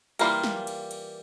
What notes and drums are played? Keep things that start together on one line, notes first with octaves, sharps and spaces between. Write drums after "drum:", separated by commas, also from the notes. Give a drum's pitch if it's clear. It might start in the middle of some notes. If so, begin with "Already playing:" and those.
E3 G3 A#3 F4 A#4, drum: cymbal
drum: snare
drum: cymbal
drum: cymbal